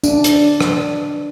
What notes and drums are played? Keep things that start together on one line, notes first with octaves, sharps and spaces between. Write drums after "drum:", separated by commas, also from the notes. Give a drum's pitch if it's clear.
D4, drum: tambourine
drum: hi-hat
drum: rim click